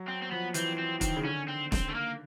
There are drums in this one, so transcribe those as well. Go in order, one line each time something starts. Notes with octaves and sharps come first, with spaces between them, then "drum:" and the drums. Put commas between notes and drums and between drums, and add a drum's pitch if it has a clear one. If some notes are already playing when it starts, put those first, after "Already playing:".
Already playing: F#3
C4
C4
F3 B3
E3 C4, drum: hi-hat
C4
D#3 C4, drum: kick, hi-hat
C#3
D3 C#4
C4
C4, drum: snare
A3
A#3